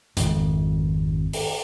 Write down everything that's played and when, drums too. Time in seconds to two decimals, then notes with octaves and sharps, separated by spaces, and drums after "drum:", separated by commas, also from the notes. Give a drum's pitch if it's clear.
0.17 G#1 F2, drum: hi-hat
1.33 drum: open hi-hat